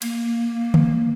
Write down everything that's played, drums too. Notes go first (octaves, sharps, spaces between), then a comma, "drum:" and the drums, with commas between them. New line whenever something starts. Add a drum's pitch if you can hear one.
A#3, drum: cymbal
drum: tom